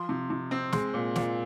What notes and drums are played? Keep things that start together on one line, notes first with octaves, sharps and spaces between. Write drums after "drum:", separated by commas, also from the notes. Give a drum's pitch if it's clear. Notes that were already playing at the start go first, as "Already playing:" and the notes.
Already playing: F3 C6
C3
C3
C4
G#3 C6, drum: snare
A#2
A#2, drum: snare